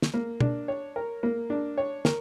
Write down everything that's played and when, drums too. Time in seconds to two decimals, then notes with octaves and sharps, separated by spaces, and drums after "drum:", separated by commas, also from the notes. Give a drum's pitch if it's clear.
0.02 drum: snare
0.14 A#3
0.40 D4, drum: tom B2
0.68 C#5
0.96 A#4
1.23 A#3
1.50 D4
1.78 C#5
2.05 A#4, drum: snare